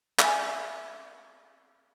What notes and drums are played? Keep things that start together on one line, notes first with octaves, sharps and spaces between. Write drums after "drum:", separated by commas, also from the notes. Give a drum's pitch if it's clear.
E5 G#5, drum: clap